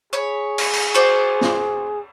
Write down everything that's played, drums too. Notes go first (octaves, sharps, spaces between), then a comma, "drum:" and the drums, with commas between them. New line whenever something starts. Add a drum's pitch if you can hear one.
G#4 C#5 B5
drum: cymbal
drum: cymbal
F#4 C5 D5
drum: snare